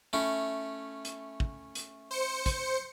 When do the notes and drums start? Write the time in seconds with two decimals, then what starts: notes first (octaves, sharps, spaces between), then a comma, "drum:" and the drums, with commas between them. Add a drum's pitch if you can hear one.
0.13 A3 C#4 E4
1.05 drum: hi-hat
1.40 drum: kick
1.75 drum: hi-hat
2.11 C5 C#7
2.46 drum: kick, hi-hat